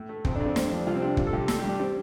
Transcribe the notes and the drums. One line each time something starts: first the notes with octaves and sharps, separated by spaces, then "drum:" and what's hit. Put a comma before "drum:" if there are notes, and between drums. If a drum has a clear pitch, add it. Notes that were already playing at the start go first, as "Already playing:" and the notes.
Already playing: A2
A3
F2 C4, drum: kick
D4
F2
C4
G2 C4, drum: snare
F3 D4
C2 F4
C4
C3 D4
C3 F4, drum: kick
A4
C2 G4
G3 A4, drum: snare
G4
G2
D4
G3 C4